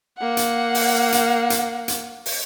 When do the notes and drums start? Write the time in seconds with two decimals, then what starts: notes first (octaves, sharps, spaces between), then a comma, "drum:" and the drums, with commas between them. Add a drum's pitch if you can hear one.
0.18 A#3 F#5
0.37 drum: hi-hat
0.75 drum: open hi-hat
1.12 drum: hi-hat
1.50 drum: hi-hat
1.88 drum: hi-hat
2.26 drum: open hi-hat